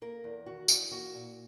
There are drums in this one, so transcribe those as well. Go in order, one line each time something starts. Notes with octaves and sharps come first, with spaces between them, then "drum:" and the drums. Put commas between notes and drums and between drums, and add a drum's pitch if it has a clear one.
A#3 A#4
E2
D#3 F#4
E2, drum: tambourine
A#3 F#4
A#2